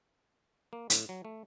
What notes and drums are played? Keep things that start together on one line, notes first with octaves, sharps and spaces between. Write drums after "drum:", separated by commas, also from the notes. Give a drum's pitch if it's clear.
A#3
A2, drum: hi-hat
F#3
A3